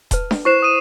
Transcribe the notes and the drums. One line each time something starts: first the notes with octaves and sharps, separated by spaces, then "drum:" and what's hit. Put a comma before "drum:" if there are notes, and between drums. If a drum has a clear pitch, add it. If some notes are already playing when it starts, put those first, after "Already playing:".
B4 A5, drum: kick D#1, hi-hat
drum: snare D4
E4 C5 C#6 C7 E7
D#6 D#7 E7